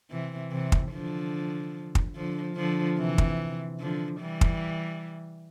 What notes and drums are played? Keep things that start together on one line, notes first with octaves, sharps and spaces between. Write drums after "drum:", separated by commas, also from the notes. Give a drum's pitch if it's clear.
C3 E3
C3 E3
drum: kick
D3 F3
drum: kick
D3 F3
D3 F3
C3 E3
drum: kick
D3 F3
E3 G3
drum: kick